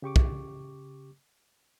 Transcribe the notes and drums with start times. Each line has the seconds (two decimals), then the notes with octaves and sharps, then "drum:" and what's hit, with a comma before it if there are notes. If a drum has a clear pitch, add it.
0.02 C#3 G4 C#6 D6
0.16 drum: kick